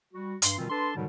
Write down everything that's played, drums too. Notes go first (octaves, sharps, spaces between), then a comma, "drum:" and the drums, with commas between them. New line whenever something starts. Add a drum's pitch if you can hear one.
G3 F#4
G2 C6, drum: hi-hat
B2 D#3 E3 G3 C4 F4
D4 A4 B4 A5 C6
G#2 B2 D3 D#3 F#3 G3